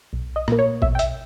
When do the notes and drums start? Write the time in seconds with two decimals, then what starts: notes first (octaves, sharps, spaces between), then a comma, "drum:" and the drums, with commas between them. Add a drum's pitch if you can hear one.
0.13 B1
0.36 D#5
0.48 A#2 A#3, drum: rim click
0.59 C#5
0.82 B1 E5, drum: kick A1
0.95 G5
0.99 E5, drum: hi-hat